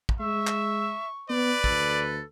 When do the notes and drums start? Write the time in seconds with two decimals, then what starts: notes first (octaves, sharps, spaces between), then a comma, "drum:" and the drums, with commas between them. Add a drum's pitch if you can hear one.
0.09 drum: kick
0.20 G#3 E5 C#6 E6
0.47 drum: clap
1.29 B3 B4 D5
1.64 D2 A4, drum: kick